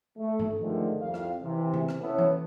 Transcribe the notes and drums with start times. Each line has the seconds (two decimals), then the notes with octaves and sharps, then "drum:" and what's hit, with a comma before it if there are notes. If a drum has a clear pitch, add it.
0.18 A3
0.39 drum: tom
0.61 D3 D#3 F3 G#3 A3
1.02 C2 F2 F5
1.14 drum: rim click
1.44 C3 E3
1.74 drum: tom C3
1.89 drum: rim click
2.01 B3 C#4 E4 A4 C#5
2.18 drum: tom E3